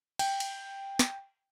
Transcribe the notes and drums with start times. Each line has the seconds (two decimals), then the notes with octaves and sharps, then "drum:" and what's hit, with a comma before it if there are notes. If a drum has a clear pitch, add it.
0.19 G5, drum: cymbal
0.40 drum: cymbal
0.99 drum: snare